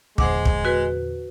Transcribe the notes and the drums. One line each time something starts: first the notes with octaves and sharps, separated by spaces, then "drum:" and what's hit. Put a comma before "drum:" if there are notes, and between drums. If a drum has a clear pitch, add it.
E2 A#2 D3 G#3 C5 F#5 D6, drum: kick
drum: kick
F#4 B4